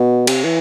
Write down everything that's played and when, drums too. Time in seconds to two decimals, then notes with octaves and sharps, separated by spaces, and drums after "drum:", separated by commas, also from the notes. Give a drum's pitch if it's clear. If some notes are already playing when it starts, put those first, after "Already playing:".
Already playing: B2
0.27 C3, drum: cymbal
0.44 E3